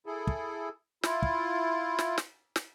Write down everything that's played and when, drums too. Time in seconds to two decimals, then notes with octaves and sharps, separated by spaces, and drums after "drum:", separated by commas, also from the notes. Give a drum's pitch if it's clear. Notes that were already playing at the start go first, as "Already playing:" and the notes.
0.06 E4 G#4 A4
0.27 drum: kick
1.03 E4 F4, drum: snare
1.22 drum: kick
1.99 drum: snare
2.18 drum: snare
2.56 drum: snare